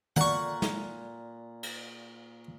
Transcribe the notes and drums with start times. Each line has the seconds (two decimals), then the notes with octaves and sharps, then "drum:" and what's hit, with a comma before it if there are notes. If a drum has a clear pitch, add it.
0.16 A#2 F#5 C#6, drum: tom
0.62 drum: snare
1.63 drum: cymbal